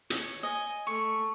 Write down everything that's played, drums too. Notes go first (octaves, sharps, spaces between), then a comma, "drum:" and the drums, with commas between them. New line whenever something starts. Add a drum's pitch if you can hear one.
C#5, drum: hi-hat
D#5 G#5
A3 C#6